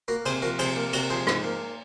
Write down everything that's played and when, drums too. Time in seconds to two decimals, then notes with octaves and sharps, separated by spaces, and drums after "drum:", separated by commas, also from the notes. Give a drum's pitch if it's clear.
0.08 A#3 F#4 A#4
0.25 C3 G#4 C5, drum: cymbal
0.42 F3 F#4 A#4
0.59 C3 G#4 C5, drum: cymbal
0.76 A#3
0.93 C3 F#4 A#4, drum: cymbal
1.10 F3 G#4 C5
1.27 G#2, drum: rim click
1.44 A#3